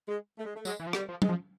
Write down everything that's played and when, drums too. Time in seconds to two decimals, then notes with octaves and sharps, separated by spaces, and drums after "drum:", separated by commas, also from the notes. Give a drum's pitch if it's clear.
0.08 G#3
0.38 A3
0.45 G#3
0.54 A3
0.65 F#3 G#3, drum: tambourine
0.80 E3
0.87 F3
0.93 G3, drum: rim click
1.09 F3
1.22 G#3, drum: tom
1.29 F3